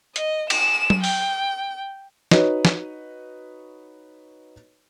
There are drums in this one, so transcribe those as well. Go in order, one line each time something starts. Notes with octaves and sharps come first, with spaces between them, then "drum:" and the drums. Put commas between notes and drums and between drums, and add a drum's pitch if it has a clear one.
D#5, drum: hi-hat
E7, drum: cymbal
drum: tom F#3
G5, drum: open hi-hat
D#4 F#4 B4 C#5 D#5, drum: snare
drum: snare